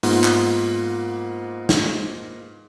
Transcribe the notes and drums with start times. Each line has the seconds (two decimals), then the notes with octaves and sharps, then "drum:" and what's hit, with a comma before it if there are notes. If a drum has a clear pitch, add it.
0.03 G#2 A#3 B3 F4, drum: open hi-hat
0.24 drum: clap
1.69 drum: snare